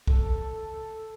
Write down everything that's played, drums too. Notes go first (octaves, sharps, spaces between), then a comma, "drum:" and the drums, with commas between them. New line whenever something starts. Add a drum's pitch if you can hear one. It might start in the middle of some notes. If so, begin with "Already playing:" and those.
A4, drum: kick